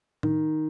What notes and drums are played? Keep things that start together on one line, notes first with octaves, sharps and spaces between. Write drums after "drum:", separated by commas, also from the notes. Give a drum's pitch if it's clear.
D#3, drum: tom A2